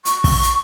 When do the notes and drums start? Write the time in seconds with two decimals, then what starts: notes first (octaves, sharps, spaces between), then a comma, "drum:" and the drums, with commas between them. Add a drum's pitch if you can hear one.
0.05 C#6, drum: hi-hat
0.24 drum: kick, open hi-hat
0.43 drum: hi-hat